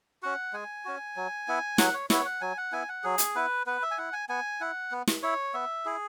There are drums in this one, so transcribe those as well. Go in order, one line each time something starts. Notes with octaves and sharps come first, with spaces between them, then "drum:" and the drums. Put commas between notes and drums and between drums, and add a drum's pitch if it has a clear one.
C#4 F#4 F#5
G#3 G#5
C#4 F#4
F#3
B3 E4
F#3 F#5, drum: snare
C#5
B3 E4 C#5, drum: snare
F#5
F#3 G#5
F#5
B3 E4 G#5
F#5
F#3 G#4
drum: hi-hat
B3 E4 B4
B3 B4
E5
G#5
E4 F#5
G#5
B3 G#5
E4 F#5
B3
drum: snare
E4 C#5
B3 E5
E4 G#4